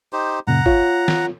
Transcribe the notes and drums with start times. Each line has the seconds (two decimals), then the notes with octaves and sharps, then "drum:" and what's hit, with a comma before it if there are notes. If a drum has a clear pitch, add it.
0.13 D#4 G4 C5
0.47 F#2 A#2 C#3 F#5 A#5
0.66 F4 C#5, drum: kick
1.08 drum: snare